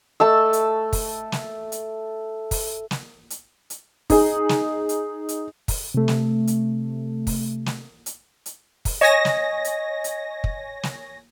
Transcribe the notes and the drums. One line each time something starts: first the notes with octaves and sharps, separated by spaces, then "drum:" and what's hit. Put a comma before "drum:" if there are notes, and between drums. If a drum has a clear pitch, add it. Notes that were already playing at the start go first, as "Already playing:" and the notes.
A3 A5 E6
drum: hi-hat
drum: kick, open hi-hat
drum: snare
drum: hi-hat
drum: kick, open hi-hat
drum: snare
drum: hi-hat
drum: hi-hat
D#4 G#4, drum: kick, open hi-hat
drum: snare
drum: hi-hat
drum: hi-hat
drum: kick, open hi-hat
C3 A3
drum: snare
drum: hi-hat
drum: kick, open hi-hat
drum: snare
drum: hi-hat
drum: hi-hat
drum: kick, open hi-hat
C#5 D#5 G#5 A#6
drum: snare
drum: hi-hat
drum: hi-hat
drum: kick
drum: snare